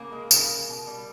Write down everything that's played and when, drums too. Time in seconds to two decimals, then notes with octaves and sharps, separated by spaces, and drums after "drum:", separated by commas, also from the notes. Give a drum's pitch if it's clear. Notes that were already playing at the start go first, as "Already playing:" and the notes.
Already playing: C#3 A#3
0.12 G#3
0.31 C#3, drum: tambourine
0.50 G#3
0.68 B2
0.87 G3